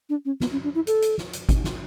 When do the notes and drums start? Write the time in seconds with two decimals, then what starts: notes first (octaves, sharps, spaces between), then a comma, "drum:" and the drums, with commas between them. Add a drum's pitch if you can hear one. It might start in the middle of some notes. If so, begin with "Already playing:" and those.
0.09 D4
0.25 C#4
0.40 B3, drum: snare
0.52 C#4
0.64 D4
0.75 E4
0.87 A4, drum: hi-hat
1.02 drum: hi-hat
1.18 drum: snare
1.33 drum: hi-hat
1.49 drum: kick, hi-hat
1.64 drum: snare